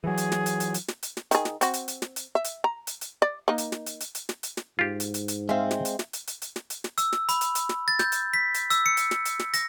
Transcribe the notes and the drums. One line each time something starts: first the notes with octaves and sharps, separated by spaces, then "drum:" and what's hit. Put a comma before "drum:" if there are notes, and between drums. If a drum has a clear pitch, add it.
E3 F#3 G#4
drum: hi-hat
drum: snare
drum: hi-hat
drum: hi-hat
drum: hi-hat
drum: snare
drum: hi-hat
drum: snare
D#3 G#4, drum: hi-hat
drum: snare
C4 F#4, drum: hi-hat
drum: hi-hat
drum: hi-hat
drum: snare
drum: hi-hat
E5
drum: hi-hat
A#5
drum: hi-hat
drum: hi-hat
D5
A#3 D#4
drum: hi-hat
drum: snare
drum: hi-hat
drum: hi-hat
drum: hi-hat
drum: snare
drum: hi-hat
drum: snare
G#2 F4 G4
drum: hi-hat
drum: hi-hat
drum: hi-hat
G#3 C4 E5 F5
drum: snare
drum: hi-hat
drum: snare
drum: hi-hat
drum: hi-hat
drum: hi-hat
drum: snare
drum: hi-hat
drum: snare
E6, drum: hi-hat
drum: snare
B5, drum: hi-hat
drum: hi-hat
drum: hi-hat
drum: snare
A6
G6, drum: snare
drum: hi-hat
B6
drum: hi-hat
E6, drum: hi-hat
C#7
drum: hi-hat
drum: snare
drum: hi-hat
drum: snare
A#6, drum: hi-hat